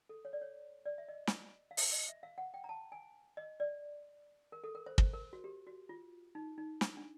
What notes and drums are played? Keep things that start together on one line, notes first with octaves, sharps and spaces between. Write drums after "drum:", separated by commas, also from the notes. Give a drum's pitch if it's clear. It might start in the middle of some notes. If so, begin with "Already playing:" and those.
A4
C#5
D5
C#5
D5
E5
D#5
drum: snare
F5
E5, drum: open hi-hat
D#5
E5
F5
F#5
G5
A#5
A5
G#5
D#5
D5
A#4
A4
A#4
C5
C5, drum: kick
A#4
F#4
G4
F#4
F4
D#4
D#4
D4, drum: snare
D4